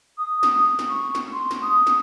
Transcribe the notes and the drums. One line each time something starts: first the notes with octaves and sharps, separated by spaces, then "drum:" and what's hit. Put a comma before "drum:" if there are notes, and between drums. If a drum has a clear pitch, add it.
D#6
drum: snare
drum: snare
C#6
drum: snare
C6
drum: snare
D#6
drum: snare